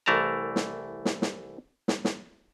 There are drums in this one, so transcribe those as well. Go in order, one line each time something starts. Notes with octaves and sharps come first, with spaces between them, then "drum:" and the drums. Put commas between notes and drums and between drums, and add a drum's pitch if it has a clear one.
C2 E3 A3 A#4 A5 A#5
drum: snare
drum: snare
drum: snare
drum: snare
drum: snare